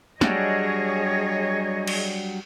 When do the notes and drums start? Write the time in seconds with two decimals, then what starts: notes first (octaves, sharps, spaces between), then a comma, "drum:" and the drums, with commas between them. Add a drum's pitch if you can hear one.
0.21 F#3 G3 D4 G#4 C#5 D#5, drum: snare
1.87 drum: cymbal